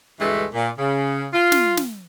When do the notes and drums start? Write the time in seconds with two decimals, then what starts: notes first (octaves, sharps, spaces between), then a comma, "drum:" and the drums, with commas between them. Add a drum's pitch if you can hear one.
0.20 D2 G2 E3 G#3 A3
0.54 A#2
0.79 C#3
1.33 F4
1.52 drum: snare
1.77 drum: snare